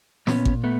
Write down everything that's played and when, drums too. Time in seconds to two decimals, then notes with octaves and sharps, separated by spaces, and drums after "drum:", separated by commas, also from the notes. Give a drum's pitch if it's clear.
0.27 A#2 B3 C#4, drum: snare
0.45 drum: kick G#1
0.64 A3 B3